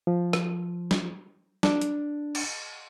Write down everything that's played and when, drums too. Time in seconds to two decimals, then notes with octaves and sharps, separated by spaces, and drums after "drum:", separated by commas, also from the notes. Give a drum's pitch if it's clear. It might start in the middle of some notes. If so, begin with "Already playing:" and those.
0.07 F3
0.33 drum: rim click
0.91 drum: snare
1.63 D4, drum: snare
1.81 drum: hi-hat
2.35 drum: cymbal